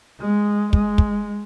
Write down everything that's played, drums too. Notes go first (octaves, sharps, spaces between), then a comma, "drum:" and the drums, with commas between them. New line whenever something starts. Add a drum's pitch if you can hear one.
G#3
G#3, drum: kick
drum: kick